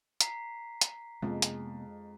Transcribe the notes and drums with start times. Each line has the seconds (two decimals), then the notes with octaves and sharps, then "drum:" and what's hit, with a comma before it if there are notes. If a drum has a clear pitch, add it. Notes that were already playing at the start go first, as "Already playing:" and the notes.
0.21 A#5 B6 C7, drum: hi-hat
0.81 drum: hi-hat
1.22 F2 C3 G#3 A#3 B3
1.42 drum: hi-hat